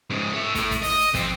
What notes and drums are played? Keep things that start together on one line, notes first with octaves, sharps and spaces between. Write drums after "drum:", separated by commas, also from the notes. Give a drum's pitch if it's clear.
G#2 C#3
C#5 E5
A2 A3, drum: kick, hi-hat
drum: kick, hi-hat
D#5, drum: open hi-hat
drum: hi-hat
F2 C4, drum: kick, hi-hat